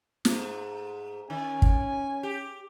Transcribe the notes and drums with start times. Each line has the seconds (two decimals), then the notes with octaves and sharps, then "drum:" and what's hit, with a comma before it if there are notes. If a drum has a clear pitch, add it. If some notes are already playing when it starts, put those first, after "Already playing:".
0.25 G#2 A3, drum: snare
1.30 D#3 C#4 G#5
1.62 drum: kick
2.23 G4